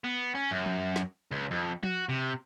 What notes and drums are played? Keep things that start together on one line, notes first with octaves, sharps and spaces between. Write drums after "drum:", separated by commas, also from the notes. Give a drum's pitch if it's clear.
B3
C#4
F#2
drum: tom F3
drum: snare
C#2
F2
F#4, drum: tom F3
C3